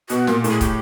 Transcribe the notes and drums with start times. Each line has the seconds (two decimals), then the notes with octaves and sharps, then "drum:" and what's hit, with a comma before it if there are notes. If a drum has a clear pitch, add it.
0.09 B2 F#4, drum: hi-hat
0.27 A#2, drum: snare
0.44 A2, drum: hi-hat
0.50 G#4
0.61 G4, drum: kick, hi-hat